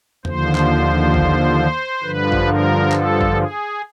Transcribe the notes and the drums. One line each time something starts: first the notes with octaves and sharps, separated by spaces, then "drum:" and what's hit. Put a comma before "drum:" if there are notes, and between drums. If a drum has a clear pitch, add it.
D#2 D3 F3 C5, drum: tom E2
drum: clap
drum: kick A1
G2 D3 F3 B4
drum: kick A1
A#4
A4, drum: clap
drum: kick A1
G#4